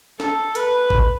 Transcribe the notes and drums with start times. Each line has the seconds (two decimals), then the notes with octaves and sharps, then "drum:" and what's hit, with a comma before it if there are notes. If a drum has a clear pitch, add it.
0.20 A4, drum: snare
0.55 B4, drum: hi-hat
0.90 drum: kick G#1